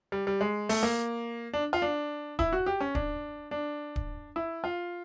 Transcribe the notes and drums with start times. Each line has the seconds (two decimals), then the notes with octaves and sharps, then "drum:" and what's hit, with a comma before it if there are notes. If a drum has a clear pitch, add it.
0.12 G3
0.27 G3
0.41 G#3
0.69 A3, drum: open hi-hat
0.83 A#3
1.53 D4
1.73 F4
1.82 D4
2.39 E4, drum: kick D1
2.53 F#4
2.66 G4
2.80 C#4
2.95 D4, drum: kick D1
3.51 D4
3.96 drum: kick D1
4.36 E4
4.64 F4